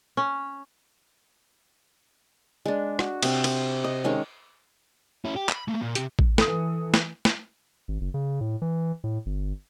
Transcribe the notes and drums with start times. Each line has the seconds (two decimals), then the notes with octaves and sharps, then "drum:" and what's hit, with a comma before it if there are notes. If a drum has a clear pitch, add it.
0.17 C#4
2.65 G#3 D4
2.99 F#4, drum: rim click
3.23 C3 C4, drum: cymbal
3.44 C5, drum: cymbal
3.84 D#5
4.04 D#3 G#3 C#4 C#5
5.25 C#4 E4
5.36 G4
5.49 B5, drum: clap
5.68 A3 A#3
5.82 A#2
5.95 C3 G4, drum: hi-hat
6.19 drum: kick A1
6.38 E3 A4 D#6, drum: snare
6.94 drum: snare
7.25 drum: snare
7.88 G#1
8.01 F#1
8.14 C#3
8.41 A2
8.62 E3
9.04 A2
9.26 G1